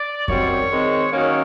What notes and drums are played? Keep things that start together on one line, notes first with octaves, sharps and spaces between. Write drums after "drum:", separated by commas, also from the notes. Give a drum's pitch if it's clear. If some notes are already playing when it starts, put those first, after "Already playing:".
Already playing: D5
F#2 D#3 G3 C4 C#5, drum: kick F2
D#3 G#3 C4
D#3 F#3 A#3 C#4 C#5